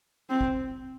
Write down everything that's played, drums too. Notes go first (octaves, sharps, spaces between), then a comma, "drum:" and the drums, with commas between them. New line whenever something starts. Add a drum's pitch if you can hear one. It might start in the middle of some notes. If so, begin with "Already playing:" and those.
C4
drum: kick G#1